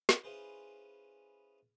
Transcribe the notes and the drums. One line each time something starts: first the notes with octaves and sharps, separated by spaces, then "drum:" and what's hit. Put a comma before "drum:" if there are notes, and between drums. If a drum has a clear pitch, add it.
drum: snare
C#4 E4 F4 G#4 B4 C5